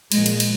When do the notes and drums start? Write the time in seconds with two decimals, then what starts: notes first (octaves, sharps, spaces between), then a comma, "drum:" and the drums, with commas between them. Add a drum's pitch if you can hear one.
0.12 A#2 F3 G#3, drum: cymbal
0.26 drum: cymbal
0.40 drum: cymbal